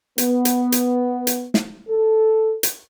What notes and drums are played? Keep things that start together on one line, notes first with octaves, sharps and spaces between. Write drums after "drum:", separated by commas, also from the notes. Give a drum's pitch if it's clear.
B3, drum: hi-hat
drum: hi-hat
drum: hi-hat
drum: hi-hat
drum: snare
A4
drum: hi-hat